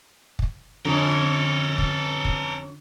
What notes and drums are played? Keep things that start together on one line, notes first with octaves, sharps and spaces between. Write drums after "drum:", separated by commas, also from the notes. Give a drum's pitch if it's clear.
drum: kick
F2 D3 C#4 A4 A#4
drum: kick
drum: kick